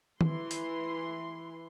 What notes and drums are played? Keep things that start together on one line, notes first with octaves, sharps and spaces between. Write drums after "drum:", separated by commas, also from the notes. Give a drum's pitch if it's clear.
E3 C6, drum: tom
drum: hi-hat